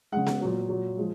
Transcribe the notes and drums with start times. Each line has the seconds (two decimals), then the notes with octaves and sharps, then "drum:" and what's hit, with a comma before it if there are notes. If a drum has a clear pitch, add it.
0.12 C#3 G#3 F#5
0.27 drum: snare B3
0.41 A#2 F#3
0.69 A#2 F#3
0.97 F3 G#3